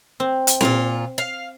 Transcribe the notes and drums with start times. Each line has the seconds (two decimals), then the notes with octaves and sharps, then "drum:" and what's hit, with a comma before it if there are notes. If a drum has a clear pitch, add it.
0.20 C4
0.47 drum: hi-hat
0.61 A#2 F4, drum: snare C4
1.18 F5